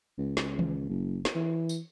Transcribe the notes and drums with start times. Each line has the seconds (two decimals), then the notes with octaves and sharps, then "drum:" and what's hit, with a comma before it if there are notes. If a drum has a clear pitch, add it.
0.18 C#2
0.37 C#2, drum: snare
0.59 drum: tom D#3
0.89 F#1
1.25 drum: snare
1.35 E3
1.69 drum: tambourine